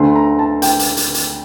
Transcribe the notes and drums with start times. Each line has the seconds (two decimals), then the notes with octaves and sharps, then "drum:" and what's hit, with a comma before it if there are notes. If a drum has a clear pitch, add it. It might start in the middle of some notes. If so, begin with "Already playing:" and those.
Already playing: D2 D3 A3 C6
0.16 A#5
0.39 A5
0.62 G5, drum: hi-hat
0.79 drum: hi-hat
0.97 drum: hi-hat
1.14 drum: hi-hat